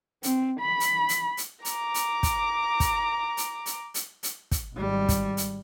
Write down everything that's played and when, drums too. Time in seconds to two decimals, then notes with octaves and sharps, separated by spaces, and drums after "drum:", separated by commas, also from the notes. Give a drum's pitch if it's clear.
0.23 C4, drum: hi-hat
0.60 B5
0.80 drum: hi-hat
1.09 drum: hi-hat
1.37 drum: hi-hat
1.65 A#5 D6, drum: hi-hat
1.94 drum: hi-hat
2.23 drum: kick, hi-hat
2.80 drum: kick, hi-hat
3.37 drum: hi-hat
3.66 drum: hi-hat
3.94 drum: hi-hat
4.23 drum: hi-hat
4.51 drum: kick, hi-hat
4.75 G#1 G3
5.09 drum: kick, hi-hat
5.37 drum: hi-hat